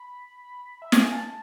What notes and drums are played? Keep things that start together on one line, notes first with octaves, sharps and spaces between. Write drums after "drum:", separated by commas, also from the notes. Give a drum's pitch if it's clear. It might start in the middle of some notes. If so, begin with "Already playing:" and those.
Already playing: B5
E5
F5, drum: snare
G#5
A5